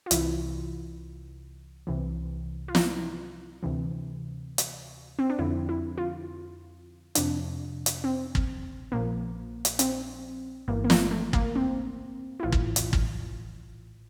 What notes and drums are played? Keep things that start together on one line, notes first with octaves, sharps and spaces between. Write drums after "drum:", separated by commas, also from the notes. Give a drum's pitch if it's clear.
F4
C2 C3 E3 E4, drum: hi-hat
C2 C3 E3
F4
E4, drum: snare
D2 C3 E3
drum: hi-hat
C4
D4
F2 D3 F3 E4
E4
F4
F2 C3 F3 D4, drum: hi-hat
drum: hi-hat
C4
drum: kick
A#1 A#2 F3 A#3
drum: hi-hat
C4, drum: hi-hat
G1 G2 E3 A#3
A#3
A3, drum: snare
A3
A#3, drum: kick
C4
E4
A#1 A2 E3 F4
drum: kick
drum: hi-hat
drum: kick